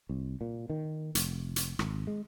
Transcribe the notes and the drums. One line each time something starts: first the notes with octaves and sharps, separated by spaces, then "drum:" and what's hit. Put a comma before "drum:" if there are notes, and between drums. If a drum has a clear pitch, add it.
C2
A#2
D#3
F1, drum: hi-hat
drum: hi-hat
G#1, drum: rim click
G#3